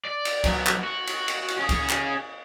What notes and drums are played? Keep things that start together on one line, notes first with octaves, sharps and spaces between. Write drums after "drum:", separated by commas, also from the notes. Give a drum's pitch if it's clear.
D5
drum: cymbal
F#3 B3, drum: kick C#2, cymbal
drum: clap
F#4
drum: cymbal
drum: cymbal
drum: cymbal
C#4 G#4
drum: kick C#2, cymbal
drum: clap